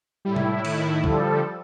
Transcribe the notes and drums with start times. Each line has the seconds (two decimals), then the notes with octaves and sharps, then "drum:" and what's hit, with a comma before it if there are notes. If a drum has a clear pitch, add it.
0.25 A2 G3 E4
0.36 drum: tom C3
0.65 D#3, drum: cymbal
1.04 D3 F3 G3 A4, drum: kick C#2